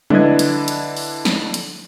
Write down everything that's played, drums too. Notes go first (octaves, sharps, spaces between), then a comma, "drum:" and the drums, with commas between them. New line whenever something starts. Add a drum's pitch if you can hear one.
D3 D4 E4 B4 D#5 G#6, drum: tom F3
drum: hi-hat
drum: hi-hat
drum: open hi-hat
drum: snare
drum: hi-hat